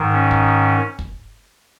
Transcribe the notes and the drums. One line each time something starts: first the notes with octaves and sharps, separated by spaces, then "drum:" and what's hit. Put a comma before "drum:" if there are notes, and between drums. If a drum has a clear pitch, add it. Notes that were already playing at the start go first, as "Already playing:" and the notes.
Already playing: G#2 D#3
C#4
drum: kick
drum: kick